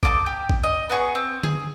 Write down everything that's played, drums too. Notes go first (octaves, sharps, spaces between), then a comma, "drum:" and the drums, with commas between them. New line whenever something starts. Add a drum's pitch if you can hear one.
D#4 F4 A4 D6, drum: kick A1
G4
drum: kick A1
D#5
B3 F#4 G#4 C#6
C4
G#4, drum: tom D3